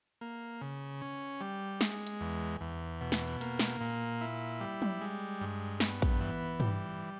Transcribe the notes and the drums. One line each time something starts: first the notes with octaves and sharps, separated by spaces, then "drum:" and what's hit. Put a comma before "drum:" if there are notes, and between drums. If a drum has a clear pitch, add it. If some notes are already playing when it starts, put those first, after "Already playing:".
A#3
C#3
C#4
G3
G#3, drum: snare
drum: hi-hat
E2
E2
B2
drum: snare
A#3, drum: hi-hat
drum: snare
A#2
E4
G3
drum: tom
G#3
G2
B3, drum: snare
drum: kick A#1
E3
G3, drum: tom